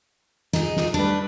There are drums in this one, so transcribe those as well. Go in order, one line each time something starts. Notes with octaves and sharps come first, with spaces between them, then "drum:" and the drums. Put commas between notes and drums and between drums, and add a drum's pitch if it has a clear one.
D#4 G#4, drum: snare
drum: snare
G3 A3 D4 B4